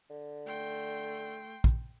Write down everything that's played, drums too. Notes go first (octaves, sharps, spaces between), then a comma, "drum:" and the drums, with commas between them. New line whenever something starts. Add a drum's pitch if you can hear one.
D3
A3 G5 C6
drum: kick